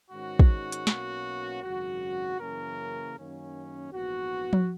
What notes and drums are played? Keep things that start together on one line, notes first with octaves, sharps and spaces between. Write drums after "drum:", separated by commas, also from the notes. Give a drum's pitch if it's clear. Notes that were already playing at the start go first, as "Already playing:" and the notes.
G#2 D#3 G#3 C#4 F#4
drum: kick
drum: hi-hat
B1 B2 A#3 C#4, drum: snare
G#1 F#2 C#3 F#3 F#4
F#2 C#3 E3 A#3 C#4 A#4
F#2 D#3 A#3 C#4
A#1 G#2 E3 B3 F#4
drum: tom F3